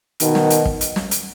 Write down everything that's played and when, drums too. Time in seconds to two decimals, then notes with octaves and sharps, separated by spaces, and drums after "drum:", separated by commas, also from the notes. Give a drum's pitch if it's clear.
0.20 B2 D#3, drum: hi-hat
0.35 drum: snare
0.50 drum: hi-hat
0.66 drum: kick
0.81 drum: hi-hat
0.96 drum: snare
1.11 drum: hi-hat